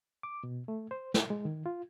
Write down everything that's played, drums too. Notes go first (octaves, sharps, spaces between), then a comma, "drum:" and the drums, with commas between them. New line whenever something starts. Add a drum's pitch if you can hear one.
D6
B2
A3
C5
G3, drum: snare
G#3
D#3
F4